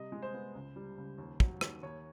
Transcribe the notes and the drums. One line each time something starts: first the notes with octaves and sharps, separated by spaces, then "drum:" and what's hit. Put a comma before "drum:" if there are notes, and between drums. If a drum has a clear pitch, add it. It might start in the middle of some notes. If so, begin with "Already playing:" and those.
Already playing: C3 G3 D#5
G#3
C5
B3
C#2
G3
C#2
D#2
F#3, drum: kick
D#2, drum: rim click
D#2 C#5